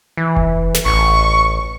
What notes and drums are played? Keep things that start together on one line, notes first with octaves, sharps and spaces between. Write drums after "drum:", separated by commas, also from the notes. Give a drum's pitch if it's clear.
E3
drum: kick F1
drum: snare
A1 C#6